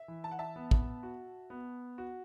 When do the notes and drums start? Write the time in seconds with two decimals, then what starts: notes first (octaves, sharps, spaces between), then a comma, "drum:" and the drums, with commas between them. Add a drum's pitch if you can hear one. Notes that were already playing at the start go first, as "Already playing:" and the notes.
Already playing: E5
0.08 E3
0.24 A5
0.31 F#5
0.39 E5 A5
0.56 B3
0.71 drum: kick
1.03 F#4
1.50 B3
1.98 F#4